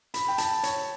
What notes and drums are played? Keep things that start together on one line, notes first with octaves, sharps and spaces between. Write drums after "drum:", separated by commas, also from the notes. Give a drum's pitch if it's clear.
B5, drum: hi-hat
G5
A5, drum: hi-hat
C#5, drum: hi-hat